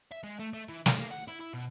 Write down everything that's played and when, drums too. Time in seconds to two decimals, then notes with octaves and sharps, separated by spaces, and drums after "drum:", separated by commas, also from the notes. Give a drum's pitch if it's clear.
0.12 E5
0.24 G#3
0.40 A3
0.53 A3
0.69 E3
0.86 G#2, drum: snare
0.99 A#3
1.11 F#5
1.28 E4
1.40 E4
1.54 B2